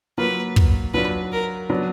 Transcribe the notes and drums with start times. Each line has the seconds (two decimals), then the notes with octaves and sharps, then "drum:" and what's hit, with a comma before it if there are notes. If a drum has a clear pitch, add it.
0.18 F#3 A#3 F4 B4
0.56 drum: kick
0.94 F#3 D4 F4 B4
1.32 A#4
1.70 F#3 B3 D4